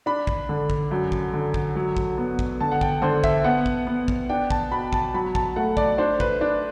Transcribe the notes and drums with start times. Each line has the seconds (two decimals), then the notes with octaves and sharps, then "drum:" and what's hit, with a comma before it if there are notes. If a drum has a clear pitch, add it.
0.06 D4 B5
0.27 drum: kick
0.49 D3
0.70 drum: kick
0.91 F#2
1.12 drum: kick
1.33 D3
1.54 drum: kick
1.76 F#3
1.97 drum: kick
2.18 B3
2.39 drum: kick
2.60 D3 A5
2.71 F#5
2.81 G5, drum: kick
3.02 D3 C5
3.24 E5, drum: kick
3.44 B3 F#5
3.66 drum: kick
3.87 B3
4.08 drum: kick
4.29 D4 G5
4.50 A5, drum: kick
4.71 B2 B5
4.93 A5, drum: kick
5.14 F#3 B5
5.35 A5, drum: kick
5.56 A3 F#5
5.77 D5, drum: kick
5.98 D4 C5
6.20 B4, drum: kick
6.41 D4